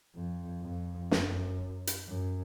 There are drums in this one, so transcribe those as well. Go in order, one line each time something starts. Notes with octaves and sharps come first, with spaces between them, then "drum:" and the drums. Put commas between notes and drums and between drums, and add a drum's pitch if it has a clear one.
F2
F2
F#2, drum: snare
drum: hi-hat
F#2